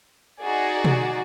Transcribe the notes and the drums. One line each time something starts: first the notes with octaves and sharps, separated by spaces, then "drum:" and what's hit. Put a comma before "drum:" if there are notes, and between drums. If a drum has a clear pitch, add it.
D#4 F#4 G#4 D5
drum: tom B2